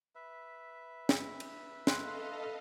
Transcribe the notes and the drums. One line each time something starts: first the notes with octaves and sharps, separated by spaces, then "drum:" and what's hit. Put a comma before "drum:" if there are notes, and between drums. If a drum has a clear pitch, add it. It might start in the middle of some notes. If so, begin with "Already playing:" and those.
B4 E5
drum: snare
drum: cymbal
A4 D#5 F5 C6 F#6, drum: snare